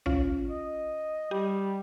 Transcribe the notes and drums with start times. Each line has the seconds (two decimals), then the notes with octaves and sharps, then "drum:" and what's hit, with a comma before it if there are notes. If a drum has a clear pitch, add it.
0.06 C#4 F4, drum: tom
0.50 D#5
1.31 G3 G4